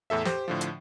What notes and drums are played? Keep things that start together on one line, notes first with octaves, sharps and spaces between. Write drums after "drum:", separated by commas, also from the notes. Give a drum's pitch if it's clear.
E2 A2 A4 E5
G4 C5, drum: snare
A2 D3 F3
drum: hi-hat